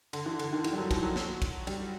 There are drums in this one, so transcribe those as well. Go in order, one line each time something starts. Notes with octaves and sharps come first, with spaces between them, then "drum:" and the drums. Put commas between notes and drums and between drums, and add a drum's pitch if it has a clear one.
D3, drum: cymbal
E3
D3, drum: cymbal
D#3
E3, drum: cymbal
G3
F#3
F3, drum: kick, cymbal
F#3
F#3, drum: snare
drum: kick, cymbal
G3, drum: cymbal